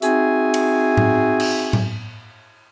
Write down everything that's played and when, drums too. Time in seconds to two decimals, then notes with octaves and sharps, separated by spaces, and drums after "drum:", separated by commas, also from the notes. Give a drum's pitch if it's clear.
0.02 C4 D#4 F#4 G#4 E5 G#5, drum: hi-hat
0.54 drum: cymbal
0.97 drum: tom A2
1.40 drum: cymbal
1.73 drum: tom A2